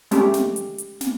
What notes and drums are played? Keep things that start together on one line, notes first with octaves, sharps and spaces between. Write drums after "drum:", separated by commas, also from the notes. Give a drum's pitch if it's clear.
G#3 A3 C#4 G4, drum: snare
drum: snare
drum: hi-hat
drum: hi-hat
drum: snare